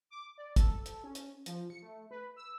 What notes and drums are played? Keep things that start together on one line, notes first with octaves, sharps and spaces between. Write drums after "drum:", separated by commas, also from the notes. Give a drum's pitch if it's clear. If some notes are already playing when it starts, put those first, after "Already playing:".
D6
D5
A4, drum: kick, hi-hat
drum: hi-hat
C#4
drum: hi-hat
F3, drum: hi-hat
C#7
A3
B4
E6